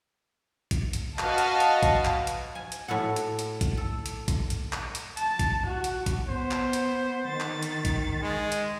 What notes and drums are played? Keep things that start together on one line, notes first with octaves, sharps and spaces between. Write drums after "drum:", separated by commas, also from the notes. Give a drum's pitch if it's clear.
drum: kick A1, hi-hat
drum: hi-hat
F#4 B4 D#5 F5 A5, drum: clap
drum: hi-hat
drum: hi-hat
drum: kick A1, hi-hat
drum: clap
drum: hi-hat
G#5
drum: hi-hat
A2 F#4 A4 F#5
drum: hi-hat
drum: hi-hat
drum: kick A1, hi-hat
A4
drum: hi-hat
drum: kick A1, hi-hat
drum: hi-hat
drum: clap
drum: hi-hat
A5, drum: hi-hat
drum: kick A1, hi-hat
F#4
drum: hi-hat
drum: kick A1, hi-hat
B3 C5
drum: clap
drum: hi-hat
D#3 A6
drum: clap
drum: hi-hat
drum: kick A1, hi-hat
G#3
drum: hi-hat